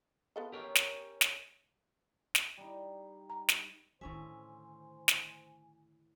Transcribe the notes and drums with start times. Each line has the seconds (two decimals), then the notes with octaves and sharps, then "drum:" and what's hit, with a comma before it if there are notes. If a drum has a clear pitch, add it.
0.36 B3 F4 A4 D#5
0.53 C#4 G4 A#4 C#5
0.75 drum: snare
1.21 drum: snare
2.35 drum: snare
2.57 G3 D#4
3.30 A#5
3.49 drum: snare
4.01 A2 D3 D#3 C#4 C5 E5 G#5
5.08 drum: snare